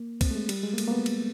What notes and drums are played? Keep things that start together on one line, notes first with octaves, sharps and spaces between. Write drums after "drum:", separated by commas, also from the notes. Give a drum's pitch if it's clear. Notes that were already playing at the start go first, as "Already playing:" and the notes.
Already playing: A#3
C4, drum: kick, cymbal
A3
G#3
G3, drum: cymbal
G#3
A#3
A3, drum: cymbal
A#3
B3
drum: cymbal